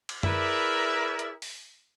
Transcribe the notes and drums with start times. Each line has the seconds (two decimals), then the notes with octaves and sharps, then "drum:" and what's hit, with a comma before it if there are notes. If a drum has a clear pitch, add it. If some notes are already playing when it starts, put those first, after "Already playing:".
0.09 drum: cymbal
0.23 E4 G#4 A#4 B4 D5 E5, drum: tom F#2
1.19 drum: hi-hat
1.42 drum: open hi-hat